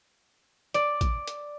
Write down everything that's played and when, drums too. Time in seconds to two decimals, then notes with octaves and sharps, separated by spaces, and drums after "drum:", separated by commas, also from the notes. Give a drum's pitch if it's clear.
0.74 D5, drum: hi-hat
1.01 drum: kick, hi-hat
1.28 drum: hi-hat